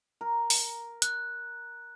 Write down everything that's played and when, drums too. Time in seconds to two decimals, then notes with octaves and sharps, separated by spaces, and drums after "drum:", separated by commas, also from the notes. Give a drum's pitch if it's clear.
0.21 A#4
0.50 drum: open hi-hat
1.02 F#6, drum: hi-hat